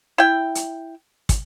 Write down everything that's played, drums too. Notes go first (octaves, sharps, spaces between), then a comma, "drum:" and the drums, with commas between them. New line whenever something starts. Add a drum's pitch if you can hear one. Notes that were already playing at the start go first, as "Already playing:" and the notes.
E4 G5
drum: hi-hat
drum: kick, hi-hat